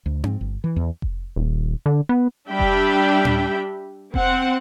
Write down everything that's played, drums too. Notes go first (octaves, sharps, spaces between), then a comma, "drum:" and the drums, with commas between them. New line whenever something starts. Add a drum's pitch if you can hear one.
D2
G#2, drum: tom C4
G1
E3
E2
drum: kick F1
D#1
D3
B3
G3 D4 G4 E5 G5 B5
drum: kick F1
drum: tom A2
C4 F#5, drum: kick F1